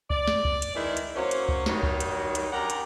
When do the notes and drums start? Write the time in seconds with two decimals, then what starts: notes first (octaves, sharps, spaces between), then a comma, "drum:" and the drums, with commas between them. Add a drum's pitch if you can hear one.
0.10 D5, drum: kick
0.28 drum: snare
0.45 drum: kick
0.62 drum: hi-hat
0.75 D#3 E3 G#3 E4
0.97 drum: hi-hat
1.16 F#3 A#3 C#4 C5 C#5
1.31 drum: hi-hat
1.49 drum: kick
1.66 G2 D#3 F#3 D#4, drum: snare
1.83 drum: kick
2.00 drum: hi-hat
2.35 drum: hi-hat
2.53 F#2 G4 A#4 F#5 A#5
2.70 drum: hi-hat